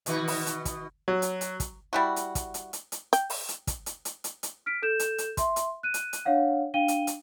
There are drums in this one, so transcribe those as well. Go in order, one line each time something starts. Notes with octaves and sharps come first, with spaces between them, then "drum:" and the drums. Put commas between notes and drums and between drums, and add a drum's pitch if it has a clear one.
B2 D#3 F#4, drum: hi-hat
drum: open hi-hat
drum: hi-hat
drum: kick, hi-hat
F#3
drum: hi-hat
drum: hi-hat
drum: kick, hi-hat
G3 E4 F#4
drum: hi-hat
drum: kick, hi-hat
drum: hi-hat
drum: hi-hat
drum: hi-hat
G5, drum: hi-hat
drum: open hi-hat
drum: hi-hat
drum: kick, hi-hat
drum: hi-hat
drum: hi-hat
drum: hi-hat
drum: hi-hat
F6 B6 D7
A4 G6 E7
drum: hi-hat
drum: hi-hat
E5 C6, drum: kick, hi-hat
drum: hi-hat
F#6 D#7
drum: hi-hat
drum: hi-hat
D4 C#5 F5 F#5
D4 F5 G5 D#7 G7
drum: hi-hat
drum: hi-hat